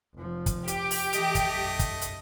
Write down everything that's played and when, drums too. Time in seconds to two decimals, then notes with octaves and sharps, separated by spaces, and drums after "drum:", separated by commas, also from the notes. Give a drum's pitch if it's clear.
0.15 F1 F3
0.46 drum: kick, hi-hat
0.68 G4, drum: hi-hat
0.91 drum: open hi-hat
1.13 E3 A3 D#5, drum: hi-hat
1.35 drum: kick, hi-hat
1.47 B1 F#2
1.79 drum: kick, hi-hat
2.02 drum: hi-hat